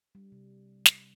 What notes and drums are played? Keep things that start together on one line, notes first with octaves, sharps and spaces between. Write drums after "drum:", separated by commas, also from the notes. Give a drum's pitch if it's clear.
G3
C3
drum: snare